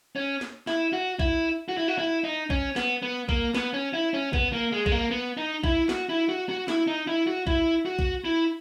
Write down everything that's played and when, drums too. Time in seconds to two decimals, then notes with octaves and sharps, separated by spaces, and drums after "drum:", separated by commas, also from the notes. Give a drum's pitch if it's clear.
0.16 C#4
0.41 drum: snare
0.67 E4, drum: snare
0.93 F#4
1.19 E4, drum: kick A#1
1.68 F#4
1.78 E4
1.88 F#4
1.98 E4
2.24 D#4
2.50 C#4, drum: kick A#1
2.76 B3, drum: snare
3.02 B3
3.29 A#3, drum: kick A#1
3.55 B3, drum: snare
3.74 C#4
3.93 E4
4.14 C#4
4.33 B3, drum: kick A#1
4.52 A#3
4.72 G#3
4.86 G#3, drum: kick A#1
4.92 A#3
5.11 B3
5.37 D#4
5.64 E4, drum: kick A#1
5.89 F#4, drum: snare
6.09 E4
6.29 F#4
6.49 F#4
6.68 E4, drum: snare
6.87 D#4
7.07 E4
7.27 F#4
7.47 E4, drum: kick A#1
7.85 F#4
7.99 drum: kick A#1
8.25 E4